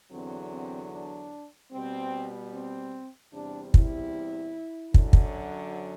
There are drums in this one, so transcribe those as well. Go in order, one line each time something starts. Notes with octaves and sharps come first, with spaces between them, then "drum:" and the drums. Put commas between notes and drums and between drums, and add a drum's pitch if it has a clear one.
E2 D3 F#3 C4
C4
D4
B2 G3 C4
C4
E2 C3 G3 D4
E4, drum: kick
F#2 D3 F#3, drum: kick
drum: kick